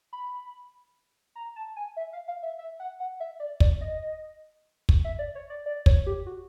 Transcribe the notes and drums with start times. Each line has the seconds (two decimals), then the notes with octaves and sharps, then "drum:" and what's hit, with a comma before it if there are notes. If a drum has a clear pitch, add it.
0.13 B5
1.36 A#5
1.56 A5
1.76 G#5
1.97 E5
2.13 F5
2.28 F5
2.43 E5
2.59 E5
2.80 F#5
3.00 F#5
3.20 E5
3.40 D5
3.60 D5, drum: kick
3.81 D#5
4.89 drum: kick
5.05 E5
5.19 D5
5.35 C#5
5.50 D5
5.66 D5
5.86 C#5, drum: kick
6.06 G4
6.26 F#4